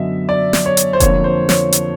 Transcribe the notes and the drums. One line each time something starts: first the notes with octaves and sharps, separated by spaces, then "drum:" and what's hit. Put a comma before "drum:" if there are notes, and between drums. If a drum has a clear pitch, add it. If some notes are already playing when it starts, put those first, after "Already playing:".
Already playing: F#2 D3 F#3 B3 D#5 E5
D5
drum: snare
C#5
drum: hi-hat
C5
F2 D3 F3 A#3 C#5, drum: kick F1, hi-hat
C5
C#5, drum: snare
drum: hi-hat